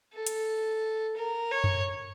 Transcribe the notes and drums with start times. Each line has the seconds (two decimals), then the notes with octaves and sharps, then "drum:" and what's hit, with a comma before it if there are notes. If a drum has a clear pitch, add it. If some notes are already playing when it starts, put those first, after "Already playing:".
0.14 A4
0.27 drum: hi-hat
1.17 A#4
1.51 C#5
1.64 drum: tom F#2